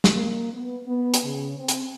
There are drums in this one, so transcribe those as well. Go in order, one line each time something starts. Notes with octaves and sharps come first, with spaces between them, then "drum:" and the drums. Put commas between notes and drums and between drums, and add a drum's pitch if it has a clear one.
drum: snare
A#3
B3
B3
drum: hi-hat
C#3
C4
drum: hi-hat